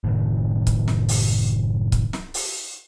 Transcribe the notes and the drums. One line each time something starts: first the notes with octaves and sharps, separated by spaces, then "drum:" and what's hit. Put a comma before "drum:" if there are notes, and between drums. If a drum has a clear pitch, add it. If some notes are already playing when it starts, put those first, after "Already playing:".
F#1 A2 D#3
drum: kick C#1, hi-hat
drum: snare
drum: open hi-hat
drum: kick C#1, hi-hat
drum: snare
drum: open hi-hat